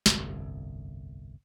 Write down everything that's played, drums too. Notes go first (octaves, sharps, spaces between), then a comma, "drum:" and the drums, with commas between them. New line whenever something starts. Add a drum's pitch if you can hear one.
G1 C2 F2, drum: snare